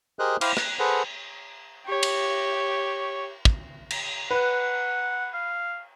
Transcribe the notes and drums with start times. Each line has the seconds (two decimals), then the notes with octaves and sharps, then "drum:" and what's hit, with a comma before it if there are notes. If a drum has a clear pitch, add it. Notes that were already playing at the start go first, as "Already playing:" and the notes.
0.19 G4 G#4 A#4 C5 D#5 F#6
0.41 E4 C5 F5 G5 D6 F6, drum: cymbal
0.57 F#6, drum: rim click
0.79 G#4 A4 B4 C5 F#5
1.86 G4 C#5
2.03 drum: cymbal
3.45 drum: kick
3.90 drum: cymbal
4.31 B4 F#5
5.34 F5